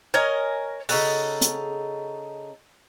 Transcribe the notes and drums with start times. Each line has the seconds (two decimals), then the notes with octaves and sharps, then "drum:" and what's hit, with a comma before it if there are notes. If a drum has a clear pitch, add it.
0.14 A#4 C#5 D#5 G#5
0.89 C#3 D#4 F#4 A4, drum: open hi-hat
1.41 drum: hi-hat